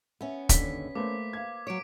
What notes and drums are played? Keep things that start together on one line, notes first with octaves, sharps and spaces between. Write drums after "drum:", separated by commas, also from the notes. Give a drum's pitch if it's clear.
B3 C#4 E5
D#2 D3 B6, drum: kick, hi-hat
A3 A#3 B4 C5 D6
F5 G#6
F#3 C#5 D6 D7